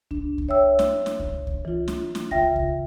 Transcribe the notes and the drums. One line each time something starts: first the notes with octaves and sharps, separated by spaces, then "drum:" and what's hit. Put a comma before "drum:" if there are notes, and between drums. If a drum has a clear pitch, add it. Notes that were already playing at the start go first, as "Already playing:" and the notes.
D4, drum: kick C#2
drum: kick C#2
C#5 E5 G5 E6
drum: snare
drum: snare
drum: kick C#2
drum: kick C#2
E3 F4
drum: snare
drum: snare
C#3 F4 E5 G5 A#6, drum: kick C#2
drum: kick C#2